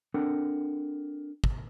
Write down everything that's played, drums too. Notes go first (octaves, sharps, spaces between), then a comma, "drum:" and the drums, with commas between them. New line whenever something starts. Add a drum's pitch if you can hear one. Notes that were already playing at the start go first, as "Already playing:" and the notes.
C4 D4 A4 A#4 F#5 G5
drum: kick